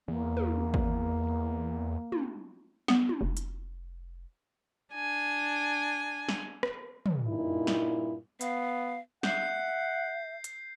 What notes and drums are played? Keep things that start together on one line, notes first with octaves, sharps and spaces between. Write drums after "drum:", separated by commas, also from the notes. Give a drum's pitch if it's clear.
E2 A#3
drum: tom
drum: kick G#1
drum: tom
B3, drum: snare
drum: tom
F1
drum: hi-hat
D4 G#5
drum: snare
drum: rim click
drum: tom
G2 A#2 D#4 E4
drum: snare
B3 F5, drum: hi-hat
E5 F#5 G6 C7, drum: snare
drum: hi-hat